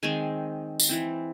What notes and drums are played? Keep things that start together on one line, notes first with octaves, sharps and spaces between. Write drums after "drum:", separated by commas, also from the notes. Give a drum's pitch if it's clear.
D#3 G#3 C4 G#5
drum: tambourine
E3 C4